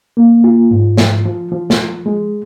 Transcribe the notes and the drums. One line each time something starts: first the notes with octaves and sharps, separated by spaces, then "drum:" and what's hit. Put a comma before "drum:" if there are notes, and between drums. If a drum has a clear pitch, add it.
A#3
F4
G#2
F3, drum: snare
F3
F3
drum: snare
F3
G#3